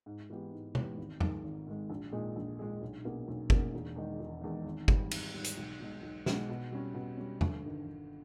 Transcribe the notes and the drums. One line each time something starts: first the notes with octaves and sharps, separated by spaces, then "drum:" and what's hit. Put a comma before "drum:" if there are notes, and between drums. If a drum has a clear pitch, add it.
G#2
E3 G#3 B3 G4
G#2
E3 G#3 B3 G4, drum: tom
G#1
G#2 D#3 G#3, drum: tom E2
G#1
G#2 D#3 G#3
A#1
A#2 G#3 D#4 G#4
A#1
A#2 G#3 D#4 G#4
B1
B2 A#3 C#4 G#4
B1
B2 A#3 C#4 G#4, drum: kick G1
E1
E2 D#3 G#3 D#4
E1
E2 D#3 G#3 D#4
G#1
G#2 G3, drum: kick G1
G#1, drum: cymbal
G#2 G3
drum: hi-hat
B1
B2 G#3 D#4
B1
B2 G#3 D#4, drum: snare
B2
G3 C#4
B2
G3 C#4
G1, drum: tom E2
G2 D#3
G1